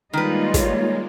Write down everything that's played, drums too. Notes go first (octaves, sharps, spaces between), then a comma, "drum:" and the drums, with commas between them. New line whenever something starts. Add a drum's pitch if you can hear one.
D#3 G3 G#3 A#3 D#4 F4 B4
C#5, drum: kick, hi-hat